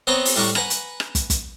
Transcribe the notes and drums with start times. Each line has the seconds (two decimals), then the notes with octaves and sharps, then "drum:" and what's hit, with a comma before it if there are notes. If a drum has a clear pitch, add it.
0.07 B3 C4 C#5 D#5 A#5 B5
0.25 drum: open hi-hat
0.36 A2 G3 D4 A#5 C#6 D6
0.55 B4 F#5 G#5 A#5 B5, drum: rim click
0.70 drum: hi-hat
1.00 drum: rim click
1.15 drum: kick, hi-hat
1.30 drum: kick, hi-hat